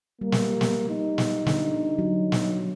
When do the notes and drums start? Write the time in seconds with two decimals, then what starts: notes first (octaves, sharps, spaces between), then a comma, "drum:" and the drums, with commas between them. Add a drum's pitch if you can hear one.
0.21 G3 A#3
0.32 drum: snare
0.61 drum: snare
0.89 D#4
1.18 drum: snare
1.46 D3, drum: snare
1.99 F#3
2.32 drum: snare